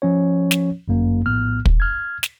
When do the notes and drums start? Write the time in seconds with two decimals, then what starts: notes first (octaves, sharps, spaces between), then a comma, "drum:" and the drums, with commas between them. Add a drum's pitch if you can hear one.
0.02 F3 C#4 C#5
0.51 drum: snare
0.88 G1 F#2 A#3
1.26 A#1 A2 B3 F6
1.66 drum: kick
1.80 F6 G#6
2.23 drum: snare